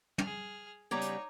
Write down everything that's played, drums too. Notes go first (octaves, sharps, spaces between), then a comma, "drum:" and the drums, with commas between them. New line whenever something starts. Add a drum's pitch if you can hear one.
G#4 F6, drum: tom
C#3 G3 B3 D#4 C#5 A#5 D6 G#6
drum: hi-hat